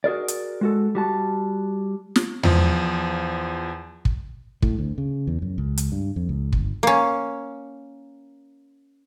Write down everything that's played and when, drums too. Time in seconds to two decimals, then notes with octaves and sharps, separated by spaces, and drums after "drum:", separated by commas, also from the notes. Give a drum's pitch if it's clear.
0.04 F#4 G#4 A#4 D5
0.28 drum: hi-hat
0.61 G#3 F#4 A4
0.95 G3 F#4 A5
2.16 drum: snare
2.43 E2 F3, drum: tom E2
4.05 drum: kick
4.62 A2, drum: kick
4.79 D2
4.98 C#3
5.27 E2
5.42 F#2
5.58 C#2
5.77 drum: hi-hat
5.92 G2
6.16 F2
6.29 C#2
6.53 G1, drum: kick
6.83 A#3 C#4